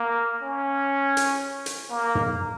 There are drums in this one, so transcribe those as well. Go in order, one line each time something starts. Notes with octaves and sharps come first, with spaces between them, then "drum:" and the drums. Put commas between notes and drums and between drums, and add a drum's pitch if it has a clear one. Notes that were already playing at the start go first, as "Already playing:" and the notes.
Already playing: A#3
C#4
drum: hi-hat
drum: hi-hat
A#3
drum: tom